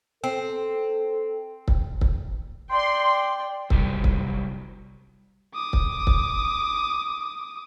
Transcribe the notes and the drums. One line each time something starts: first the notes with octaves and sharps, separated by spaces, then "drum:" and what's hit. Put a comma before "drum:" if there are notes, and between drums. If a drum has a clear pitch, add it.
C4 A4
drum: kick
drum: kick
D5 G5 C6
C3 F#3 G3 G4, drum: kick
drum: kick
D6 D#6
drum: kick
drum: kick